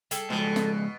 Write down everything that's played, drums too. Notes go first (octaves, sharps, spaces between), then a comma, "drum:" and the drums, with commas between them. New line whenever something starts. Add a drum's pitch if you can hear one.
G3 G#4 A4, drum: hi-hat
C#2 G#2 B2
drum: snare